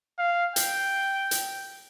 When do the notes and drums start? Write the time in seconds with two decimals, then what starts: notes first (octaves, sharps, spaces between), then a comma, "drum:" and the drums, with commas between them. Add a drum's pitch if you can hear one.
0.19 F5
0.56 G5, drum: hi-hat
1.31 drum: hi-hat